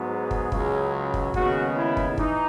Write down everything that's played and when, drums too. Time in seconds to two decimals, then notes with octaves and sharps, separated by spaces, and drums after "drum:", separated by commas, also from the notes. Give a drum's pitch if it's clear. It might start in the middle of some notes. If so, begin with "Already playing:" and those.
Already playing: G#2 F#3 B3
0.10 G#4
0.31 drum: kick
0.52 C#2 C#3 F#3, drum: kick
1.14 drum: kick
1.34 D#2 C#3 G#3 B3 F#4, drum: kick
1.76 E4
1.97 drum: kick
2.18 E3 D#4, drum: kick